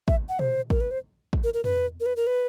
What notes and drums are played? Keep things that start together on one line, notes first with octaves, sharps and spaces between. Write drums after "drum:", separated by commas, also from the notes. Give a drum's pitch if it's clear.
E5, drum: kick
F#5
C5, drum: tom A#2
A#4, drum: kick
B4
C5
drum: kick
A#4
A#4
B4, drum: tom
A#4
B4
A#4
B4